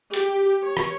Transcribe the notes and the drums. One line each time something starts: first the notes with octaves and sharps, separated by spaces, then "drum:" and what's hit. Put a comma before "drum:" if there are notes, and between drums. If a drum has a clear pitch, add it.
G4, drum: hi-hat
C#5
drum: rim click